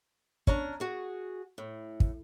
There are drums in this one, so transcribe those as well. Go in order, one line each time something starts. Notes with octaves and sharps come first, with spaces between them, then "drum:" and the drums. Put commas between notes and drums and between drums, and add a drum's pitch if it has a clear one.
C#4 D4 A#5, drum: kick
F#4 G#4
A2
drum: kick